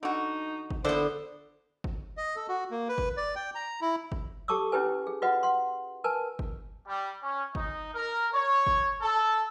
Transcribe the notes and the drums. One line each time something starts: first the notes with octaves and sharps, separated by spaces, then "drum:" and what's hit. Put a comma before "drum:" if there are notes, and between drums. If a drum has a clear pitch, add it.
D3 D#4 F#4
drum: kick G1
D3 F3 B3 E4 C5 D5
drum: kick G1
D#5
A4
F#4
A#3
B4
drum: kick G1
D5
G5
A#5
E4
drum: kick G1
G4 A4 A5 C#6 D6 E6
C#4 E4 G4 B4 G#5
G#4
F4 F#4 B4 D#5 F#5
F#5 C6
A#4 B4 G#5 A5
drum: kick G1
G3
C#4
D#4, drum: kick G1
A#4
C#5
drum: kick G1
A4